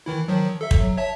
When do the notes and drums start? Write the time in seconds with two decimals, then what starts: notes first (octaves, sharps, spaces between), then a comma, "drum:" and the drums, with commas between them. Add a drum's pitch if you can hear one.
0.06 D#3 E3 E4
0.28 D#3 F3 F#3
0.61 A4 E5
0.71 drum: kick
0.80 F#3
0.97 C#5 E5 A5